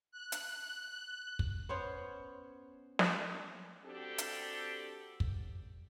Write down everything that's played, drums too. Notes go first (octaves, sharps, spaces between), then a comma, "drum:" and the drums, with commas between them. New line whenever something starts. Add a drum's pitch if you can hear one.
F#6
drum: hi-hat
drum: kick
B3 C#4 C5 C#5
drum: snare
G3 C4 D4 F#4 G4 A4
drum: hi-hat
drum: kick